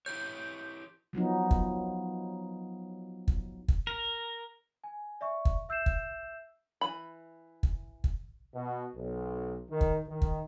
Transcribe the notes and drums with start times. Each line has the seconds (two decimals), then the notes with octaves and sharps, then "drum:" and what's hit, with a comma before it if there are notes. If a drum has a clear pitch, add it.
0.06 E4 G4 C#5 G6
1.13 F3 F#3 B3 D#4
1.51 drum: kick
3.28 drum: kick
3.68 drum: kick
3.87 A#4
4.84 G#5
5.21 D5 E5 C#6
5.45 drum: kick
5.69 E5 E6 G6 C7 E7
5.86 drum: kick
6.81 E3 B5
7.63 drum: kick
8.04 drum: kick
8.54 B2
8.95 B1
9.71 D#3
9.81 drum: kick
10.09 D#3
10.22 drum: kick